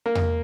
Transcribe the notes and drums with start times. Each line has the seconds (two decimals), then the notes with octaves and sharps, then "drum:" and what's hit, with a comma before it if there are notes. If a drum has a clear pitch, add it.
0.06 A#3
0.15 drum: tom E2